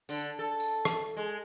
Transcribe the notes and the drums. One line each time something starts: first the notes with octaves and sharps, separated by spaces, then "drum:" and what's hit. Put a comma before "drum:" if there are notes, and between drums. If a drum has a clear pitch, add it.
D3, drum: tambourine
A4
drum: tambourine
drum: rim click
G#3